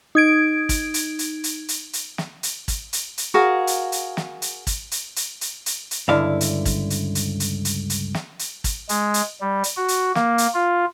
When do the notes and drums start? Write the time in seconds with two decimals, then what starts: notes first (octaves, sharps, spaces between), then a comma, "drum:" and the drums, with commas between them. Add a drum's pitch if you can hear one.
0.15 D#4 G#6 D7
0.69 drum: kick, hi-hat
0.94 drum: hi-hat
1.19 drum: hi-hat
1.44 drum: hi-hat
1.68 drum: hi-hat
1.93 drum: hi-hat
2.18 drum: snare
2.43 drum: hi-hat
2.68 drum: kick, hi-hat
2.93 drum: hi-hat
3.18 drum: hi-hat
3.34 F#4 G#4 A#4 F5
3.67 drum: hi-hat
3.92 drum: hi-hat
4.17 drum: snare
4.42 drum: hi-hat
4.67 drum: kick, hi-hat
4.91 drum: hi-hat
5.16 drum: hi-hat
5.41 drum: hi-hat
5.66 drum: hi-hat
5.91 drum: hi-hat
6.09 C#2 G2 D3 E4 F5
6.41 drum: hi-hat
6.65 drum: kick, hi-hat
6.90 drum: hi-hat
7.15 drum: hi-hat
7.40 drum: hi-hat
7.65 drum: hi-hat
7.90 drum: hi-hat
8.14 drum: snare
8.39 drum: hi-hat
8.64 drum: kick, hi-hat
8.89 G#3, drum: hi-hat
9.14 drum: hi-hat
9.41 G3
9.64 drum: hi-hat
9.77 F#4
9.88 drum: hi-hat
10.15 A#3, drum: snare
10.38 drum: hi-hat
10.54 F4